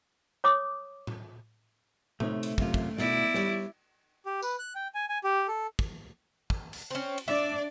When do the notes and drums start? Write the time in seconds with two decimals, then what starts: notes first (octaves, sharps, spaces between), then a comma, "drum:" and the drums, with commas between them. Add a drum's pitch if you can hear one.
0.44 C#5 D6 D#6
1.07 drum: tom A2
2.20 C3 A3 D#4 C#5, drum: tom A2
2.43 drum: cymbal
2.58 F#2 C3 F4, drum: kick
2.74 drum: kick
2.98 B2 E4 D5, drum: snare
3.34 G3 C#5, drum: snare
4.26 G4
4.42 B4, drum: tambourine
4.59 F#6
4.75 G5
4.95 G#5
5.09 G#5
5.24 G4
5.48 A4
5.79 drum: kick
6.50 drum: kick
6.73 drum: cymbal
6.91 C4 C#4
7.18 drum: cymbal
7.28 D4 D5 E5